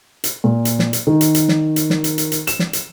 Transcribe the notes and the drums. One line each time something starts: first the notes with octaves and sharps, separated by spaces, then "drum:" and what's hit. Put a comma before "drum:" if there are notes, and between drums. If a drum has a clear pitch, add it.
drum: hi-hat
A#2
drum: hi-hat
drum: snare
drum: hi-hat
D#3
drum: hi-hat
drum: hi-hat
drum: snare
drum: hi-hat
drum: snare
drum: hi-hat
drum: hi-hat
drum: hi-hat
E7, drum: hi-hat
drum: snare
drum: hi-hat